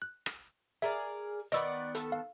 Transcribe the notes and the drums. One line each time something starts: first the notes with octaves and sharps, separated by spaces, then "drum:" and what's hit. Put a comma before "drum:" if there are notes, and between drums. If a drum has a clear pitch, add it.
F#6
drum: rim click
G#4 A#4 D5 E5
D#3 B3 D5 D#5 F#5 E6, drum: hi-hat
A4, drum: hi-hat
F5